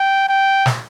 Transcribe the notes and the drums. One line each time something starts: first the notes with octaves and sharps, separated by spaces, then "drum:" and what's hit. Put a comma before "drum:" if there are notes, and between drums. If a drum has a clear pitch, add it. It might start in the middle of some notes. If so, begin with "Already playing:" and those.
Already playing: G5
G5
drum: snare